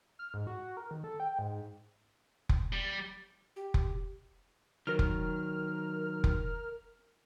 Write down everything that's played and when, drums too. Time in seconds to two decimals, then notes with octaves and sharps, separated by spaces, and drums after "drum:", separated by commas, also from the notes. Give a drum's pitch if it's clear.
0.19 F6
0.34 G#2
0.47 F#4
0.77 A#4
0.91 D#3
1.04 A4
1.20 G5
1.39 G#2
2.49 drum: kick F1
2.73 G3
3.56 G4
3.74 drum: kick F1
4.87 D#3 F#3 A#4 F6
4.99 drum: kick F1
6.24 drum: kick F1